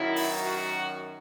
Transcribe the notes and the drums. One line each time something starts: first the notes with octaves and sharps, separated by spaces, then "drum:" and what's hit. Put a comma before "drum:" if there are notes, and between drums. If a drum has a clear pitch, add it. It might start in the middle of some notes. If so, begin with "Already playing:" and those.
Already playing: F#2 D#3 F#3 E4
drum: open hi-hat
F#4